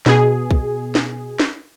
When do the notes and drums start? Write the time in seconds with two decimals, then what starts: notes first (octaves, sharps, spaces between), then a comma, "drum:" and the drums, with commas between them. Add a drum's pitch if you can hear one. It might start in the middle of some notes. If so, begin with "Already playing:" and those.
0.06 B2 G#4, drum: snare
0.51 drum: kick
0.95 drum: snare
1.40 drum: snare